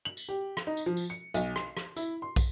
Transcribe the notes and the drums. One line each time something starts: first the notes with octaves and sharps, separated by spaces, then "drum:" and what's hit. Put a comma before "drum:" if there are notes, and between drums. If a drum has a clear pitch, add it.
F#7
drum: tambourine
G4
drum: rim click
D#4
drum: tambourine
F3
drum: tambourine
C#7
B1, drum: tambourine
C6, drum: rim click
drum: rim click
E4, drum: tambourine
C6
drum: kick, tambourine